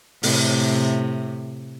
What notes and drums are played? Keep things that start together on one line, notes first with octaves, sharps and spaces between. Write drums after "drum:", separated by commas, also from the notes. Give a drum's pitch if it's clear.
A2 C3, drum: open hi-hat